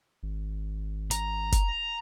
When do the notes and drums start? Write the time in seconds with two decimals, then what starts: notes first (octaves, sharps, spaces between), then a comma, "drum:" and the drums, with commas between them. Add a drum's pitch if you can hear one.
0.23 G#1
1.11 A#5, drum: hi-hat
1.52 drum: kick, hi-hat